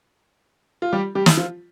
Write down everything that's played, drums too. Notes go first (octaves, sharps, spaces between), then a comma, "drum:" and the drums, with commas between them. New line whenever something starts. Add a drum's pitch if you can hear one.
F4
G3 G4
G3 G4
drum: snare
F3 F4